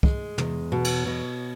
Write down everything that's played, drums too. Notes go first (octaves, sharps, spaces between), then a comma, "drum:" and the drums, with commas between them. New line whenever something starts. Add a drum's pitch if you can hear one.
G#3, drum: kick
E2, drum: tom
B2
drum: cymbal
B2